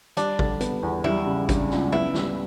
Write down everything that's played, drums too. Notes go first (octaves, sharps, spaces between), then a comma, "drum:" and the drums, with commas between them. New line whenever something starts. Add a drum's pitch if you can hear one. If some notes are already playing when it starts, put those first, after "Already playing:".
G3 D4, drum: hi-hat
D3, drum: kick G#1
B3, drum: hi-hat
E2
G3 E4, drum: tom F#3
C#3
D4, drum: kick G#1, hi-hat
C#2, drum: snare
B3 E4, drum: tom F#3
G3, drum: snare